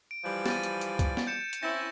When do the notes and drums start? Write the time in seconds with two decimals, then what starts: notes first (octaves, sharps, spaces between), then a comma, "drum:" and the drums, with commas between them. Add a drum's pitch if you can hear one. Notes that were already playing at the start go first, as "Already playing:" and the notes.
0.11 D7
0.24 E3 F3 G3
0.46 A6 D#7, drum: snare
0.64 drum: hi-hat
0.81 drum: hi-hat
0.99 drum: kick C#2, hi-hat
1.17 drum: snare
1.27 G6 C#7 E7
1.53 drum: hi-hat
1.63 C4 C#4 E4 G6 A6 A#6